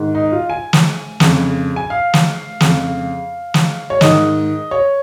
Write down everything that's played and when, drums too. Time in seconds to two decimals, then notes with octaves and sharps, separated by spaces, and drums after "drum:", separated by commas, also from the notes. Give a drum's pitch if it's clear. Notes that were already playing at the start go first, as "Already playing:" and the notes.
Already playing: G#2 D#3
0.15 D#4
0.32 F4
0.50 G#5
0.73 drum: snare
1.20 F2 C#3, drum: snare
1.76 G#5
1.90 F5
2.14 drum: snare
2.60 F2 C#3, drum: snare
3.54 drum: snare
3.90 C#5
4.01 G#2 D#3 D#5, drum: snare
4.71 C#5